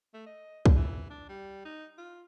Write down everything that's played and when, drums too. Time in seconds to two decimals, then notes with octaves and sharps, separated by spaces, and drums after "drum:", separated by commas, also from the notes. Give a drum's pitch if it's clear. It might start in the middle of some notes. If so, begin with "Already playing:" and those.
0.14 A3
0.26 D#5
0.66 drum: kick
0.76 E3
1.10 D4
1.29 G3
1.65 D#4
1.98 F4